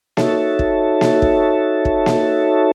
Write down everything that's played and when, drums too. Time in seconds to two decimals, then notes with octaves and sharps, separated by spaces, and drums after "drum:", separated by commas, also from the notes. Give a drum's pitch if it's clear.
0.17 D#4 F#4 A4 C#5 E5 A5, drum: snare A#3
0.59 drum: kick
1.01 drum: snare A#3
1.22 drum: kick
1.85 drum: kick
2.06 drum: snare A#3